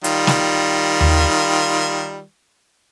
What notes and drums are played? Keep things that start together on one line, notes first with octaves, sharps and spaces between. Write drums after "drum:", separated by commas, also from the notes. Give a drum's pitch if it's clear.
D#3 G3 F4, drum: hi-hat
drum: snare
drum: tom D#2